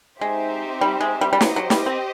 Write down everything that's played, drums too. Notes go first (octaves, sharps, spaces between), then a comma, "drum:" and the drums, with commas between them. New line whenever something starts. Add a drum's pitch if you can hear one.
G#3 C4 D#4 G4 C5 E5
G3
G#3
G3
G3
F#3 G4 C5 D#5, drum: snare
F#3
G3, drum: snare
C4